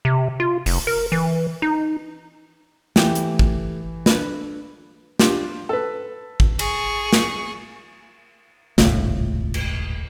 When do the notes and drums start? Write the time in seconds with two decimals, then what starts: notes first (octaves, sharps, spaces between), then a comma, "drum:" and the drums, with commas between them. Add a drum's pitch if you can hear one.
0.05 C3
0.40 F4
0.66 F1, drum: open hi-hat
0.87 A#4
1.12 E3
1.62 D#4
2.96 E3 A3 G4, drum: snare
3.15 drum: hi-hat
3.39 drum: kick
4.06 D4 A4 B4, drum: snare
5.19 D4 F4 G4, drum: snare
5.69 A4 B4
6.40 drum: kick
6.59 G#4 C#6, drum: cymbal
7.13 drum: snare
8.78 D#1 G#1 C#2 A2, drum: snare
9.54 drum: cymbal